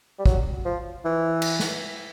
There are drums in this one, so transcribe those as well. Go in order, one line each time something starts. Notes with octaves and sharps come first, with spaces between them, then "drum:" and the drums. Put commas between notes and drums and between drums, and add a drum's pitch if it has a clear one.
G3
F#3, drum: kick
F3
E3
drum: cymbal
drum: snare